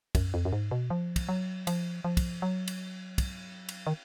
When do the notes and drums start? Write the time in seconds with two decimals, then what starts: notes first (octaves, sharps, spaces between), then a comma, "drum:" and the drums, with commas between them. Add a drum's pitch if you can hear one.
0.15 F#2, drum: kick, cymbal
0.34 F2
0.45 F#2
0.53 G#2
0.71 B2
0.90 F3
1.16 drum: kick, cymbal
1.29 F#3
1.67 F3, drum: cymbal
2.04 F3
2.17 drum: kick, cymbal
2.42 F#3
2.68 drum: cymbal
3.18 drum: kick, cymbal
3.69 drum: cymbal
3.87 D#3